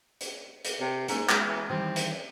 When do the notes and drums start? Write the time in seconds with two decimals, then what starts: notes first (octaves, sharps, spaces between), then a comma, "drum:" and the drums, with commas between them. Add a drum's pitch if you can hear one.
0.21 drum: hi-hat
0.65 drum: hi-hat
0.80 C3
1.08 G#2 A#3 C#4, drum: hi-hat
1.29 G#3 C#4, drum: clap
1.46 E3
1.69 D#3 E3 G3 C4
1.96 drum: hi-hat